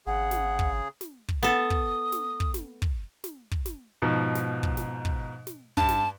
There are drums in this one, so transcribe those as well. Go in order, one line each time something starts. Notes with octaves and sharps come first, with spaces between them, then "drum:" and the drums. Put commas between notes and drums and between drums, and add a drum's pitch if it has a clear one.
G#1 C#3 G#4 F#5
drum: snare
drum: kick
drum: snare
drum: kick
B3 A4 D#6, drum: snare
drum: kick
drum: snare
drum: kick
drum: snare
drum: kick
drum: snare
drum: kick
drum: snare
G#2 B2 F3
drum: snare
drum: kick
drum: snare
drum: kick
drum: snare
G2 A5, drum: kick
drum: snare